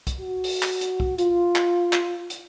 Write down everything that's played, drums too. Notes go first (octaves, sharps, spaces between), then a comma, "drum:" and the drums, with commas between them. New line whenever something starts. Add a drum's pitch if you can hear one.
drum: kick C2, hi-hat
F#4
drum: open hi-hat
drum: clap
drum: hi-hat
drum: kick C2
F4, drum: hi-hat
drum: clap
drum: clap
drum: hi-hat